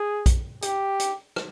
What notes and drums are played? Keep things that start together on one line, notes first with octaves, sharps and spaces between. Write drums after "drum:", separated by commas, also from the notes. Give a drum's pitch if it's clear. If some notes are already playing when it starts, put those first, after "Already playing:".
Already playing: G#4
drum: kick A#1, hi-hat
G4, drum: hi-hat
drum: hi-hat
drum: rim click